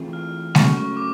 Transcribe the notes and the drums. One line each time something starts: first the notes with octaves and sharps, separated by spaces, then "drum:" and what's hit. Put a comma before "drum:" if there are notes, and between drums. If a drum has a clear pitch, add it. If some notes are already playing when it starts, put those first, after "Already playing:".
Already playing: E3 A3 C4 F4 G#4
F6
C#3 F#3 A3 C#6, drum: snare G#3
C#6
D6